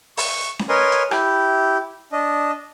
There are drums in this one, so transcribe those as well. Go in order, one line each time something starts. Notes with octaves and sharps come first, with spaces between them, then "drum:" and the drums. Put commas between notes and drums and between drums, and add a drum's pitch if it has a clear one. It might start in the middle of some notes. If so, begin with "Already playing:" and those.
C#6, drum: open hi-hat
drum: snare C#4
A#4 B4 C#5 D#5 G#5 C6
drum: hi-hat
E4 G4, drum: rim click
D4 D#5